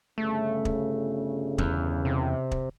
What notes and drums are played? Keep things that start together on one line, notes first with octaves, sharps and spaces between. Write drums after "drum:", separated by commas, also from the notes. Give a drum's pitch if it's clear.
G1 C#3 A3
drum: kick
E2, drum: kick
C3
drum: kick